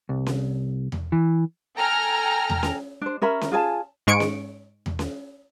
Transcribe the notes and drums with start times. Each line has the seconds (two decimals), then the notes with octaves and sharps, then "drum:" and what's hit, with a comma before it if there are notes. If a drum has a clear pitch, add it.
0.09 C2
0.26 drum: snare C#4
0.92 drum: tom E2
1.12 E3
1.77 A4 G5 G#5 A#5 F6 A#6
2.50 drum: tom E2
2.63 drum: snare C#4
3.01 D4 C5
3.22 C#4 A#4 E5 B5
3.41 drum: snare C#4
3.52 F4 G#4 G#5 A5
4.07 G#2 G#3 C#6 C#7 D7
4.20 drum: snare C#4
4.86 drum: tom E2
4.99 drum: snare C#4